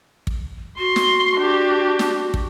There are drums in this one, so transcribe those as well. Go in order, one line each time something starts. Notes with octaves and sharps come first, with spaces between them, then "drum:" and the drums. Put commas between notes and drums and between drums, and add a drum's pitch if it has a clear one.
drum: kick
F#4 C6
drum: snare
D4 G4
drum: snare
drum: kick